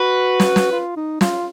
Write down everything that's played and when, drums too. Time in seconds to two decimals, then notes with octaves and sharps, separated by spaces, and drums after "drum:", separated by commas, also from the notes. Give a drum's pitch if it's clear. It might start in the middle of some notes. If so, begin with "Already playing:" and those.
Already playing: F#4 B4
0.40 drum: snare
0.56 drum: snare
0.72 F4
0.96 D#4
1.21 F4, drum: snare